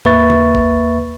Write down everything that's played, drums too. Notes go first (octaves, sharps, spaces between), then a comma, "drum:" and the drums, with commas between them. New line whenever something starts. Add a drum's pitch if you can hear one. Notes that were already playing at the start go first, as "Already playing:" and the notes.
D#2 A#3 B4 E5 C#6 A6, drum: tom G#2
drum: tom C#3
drum: kick G1